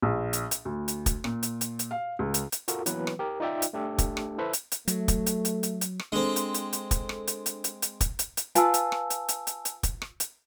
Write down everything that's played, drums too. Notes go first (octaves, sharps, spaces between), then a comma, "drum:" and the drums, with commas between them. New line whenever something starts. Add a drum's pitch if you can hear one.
A#1
drum: hi-hat
drum: hi-hat
D2
drum: hi-hat
drum: kick, hi-hat
A#2, drum: rim click
drum: hi-hat
drum: hi-hat
drum: hi-hat
F5
C#2
drum: hi-hat
drum: hi-hat
F4 F#4 A4 A#4, drum: hi-hat
E3 F#3 A#3 B3 B4, drum: hi-hat
drum: rim click
G4 A#4
D#4 F4 D5 E5 G5
drum: hi-hat
A3 D4 G4 A4
drum: kick, hi-hat
drum: rim click
E4 A4 B4 C5 E5
drum: hi-hat
drum: hi-hat
F#3 A3, drum: hi-hat
drum: kick, hi-hat
drum: hi-hat
drum: hi-hat
drum: hi-hat
drum: hi-hat
drum: rim click
G#3 C4 D4 A4
drum: hi-hat
drum: hi-hat
drum: hi-hat
drum: kick, hi-hat
drum: rim click
drum: hi-hat
drum: hi-hat
drum: hi-hat
drum: hi-hat
drum: kick, hi-hat
drum: hi-hat
drum: hi-hat
F4 B4 F5 G#5 A5 E6, drum: hi-hat
drum: hi-hat
drum: rim click
drum: hi-hat
drum: hi-hat
drum: hi-hat
drum: hi-hat
drum: kick, hi-hat
drum: rim click
drum: hi-hat